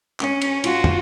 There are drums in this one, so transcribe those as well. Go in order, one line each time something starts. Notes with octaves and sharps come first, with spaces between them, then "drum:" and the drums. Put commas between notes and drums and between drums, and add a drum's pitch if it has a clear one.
C#4, drum: clap
drum: cymbal
F4 F#4, drum: cymbal
drum: tom